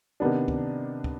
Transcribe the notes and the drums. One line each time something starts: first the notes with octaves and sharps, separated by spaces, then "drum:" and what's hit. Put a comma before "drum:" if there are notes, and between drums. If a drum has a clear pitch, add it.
C3 D#3 B3 D4
drum: kick
drum: kick